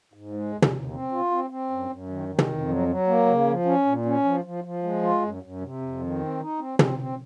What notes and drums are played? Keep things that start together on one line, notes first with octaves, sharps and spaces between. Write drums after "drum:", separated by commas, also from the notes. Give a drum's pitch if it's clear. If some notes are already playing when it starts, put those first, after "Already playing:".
G#2
G#3
D#2
drum: tom
D#2
C4
F4
C4
C4
F#2
F#2
D#3
D#3
drum: tom
F2
F#3
F#3
A#3
C#3
F3
C#4
A#2
C#4
F3
F3
F3
G#3
F4
F#2
F#2
C3
F2
D#3
C4
D#4
C4
C4, drum: tom
C4